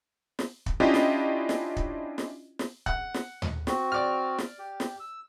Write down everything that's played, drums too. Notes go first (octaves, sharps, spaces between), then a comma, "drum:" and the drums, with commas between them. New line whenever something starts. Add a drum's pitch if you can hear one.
drum: snare
drum: kick
C#4 D4 E4 F4 G4 D#5
drum: snare
drum: snare
drum: kick
drum: snare
drum: snare
F#5, drum: kick
drum: snare
drum: tom D#2
C4 F#4, drum: snare
D5 F6
drum: snare
G4
drum: snare
E6